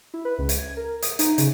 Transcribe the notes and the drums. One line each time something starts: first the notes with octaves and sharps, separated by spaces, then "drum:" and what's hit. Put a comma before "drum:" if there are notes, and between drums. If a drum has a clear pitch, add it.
E4
B4
C#2
drum: hi-hat
G#6
A#4
D#6, drum: hi-hat
D#4, drum: hi-hat
C#3, drum: hi-hat